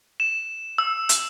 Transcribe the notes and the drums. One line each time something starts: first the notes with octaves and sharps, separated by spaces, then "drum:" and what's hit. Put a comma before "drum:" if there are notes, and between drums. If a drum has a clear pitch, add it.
E7
E6
drum: hi-hat